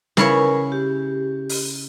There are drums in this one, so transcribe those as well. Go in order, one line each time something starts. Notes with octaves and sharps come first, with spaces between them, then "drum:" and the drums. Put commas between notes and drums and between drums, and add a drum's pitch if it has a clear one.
C#3 E4 A#4 B4 C#5 G#5, drum: snare
G4
drum: open hi-hat